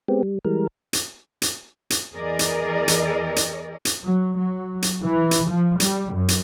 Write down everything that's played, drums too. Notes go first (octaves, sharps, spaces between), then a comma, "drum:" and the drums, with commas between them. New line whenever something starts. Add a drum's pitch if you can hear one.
G#3 B3 C4 G4
G3
E3 G3 G#3 A#4
drum: hi-hat
drum: hi-hat
drum: hi-hat
E2 E3 G#4 A#4 D5 D#5
drum: hi-hat
drum: hi-hat
drum: hi-hat
drum: hi-hat
F#3
F#3
drum: hi-hat
E3
drum: hi-hat
F3
G3, drum: hi-hat
F#2
drum: hi-hat